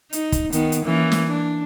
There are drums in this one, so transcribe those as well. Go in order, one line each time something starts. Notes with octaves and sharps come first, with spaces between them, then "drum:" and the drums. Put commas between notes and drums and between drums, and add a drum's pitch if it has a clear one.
D#4, drum: hi-hat
drum: kick, hi-hat
D#3 B3, drum: hi-hat
drum: hi-hat
E3 A#3 C#4
drum: snare
D4